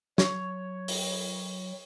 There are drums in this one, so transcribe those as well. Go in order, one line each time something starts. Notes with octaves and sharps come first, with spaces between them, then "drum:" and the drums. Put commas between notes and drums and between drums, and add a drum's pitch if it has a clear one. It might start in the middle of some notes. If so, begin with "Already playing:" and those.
F#3 C#5, drum: snare
drum: open hi-hat